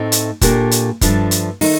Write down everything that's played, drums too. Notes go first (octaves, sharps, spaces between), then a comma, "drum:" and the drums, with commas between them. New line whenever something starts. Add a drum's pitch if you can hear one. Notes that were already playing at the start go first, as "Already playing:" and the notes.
Already playing: A2 A3 C4 D#4
drum: hi-hat
A#2 A3 D4 G4 A#4, drum: kick, hi-hat
drum: hi-hat
G2 F3 A3 D4, drum: kick, hi-hat
drum: hi-hat
D#3 A3 D#4, drum: open hi-hat